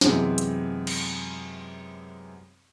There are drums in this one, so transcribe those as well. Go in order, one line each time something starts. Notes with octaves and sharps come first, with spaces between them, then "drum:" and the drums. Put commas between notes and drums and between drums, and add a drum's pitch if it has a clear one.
F#2 C3 E3 G#3 B3 C4, drum: snare
drum: hi-hat
drum: cymbal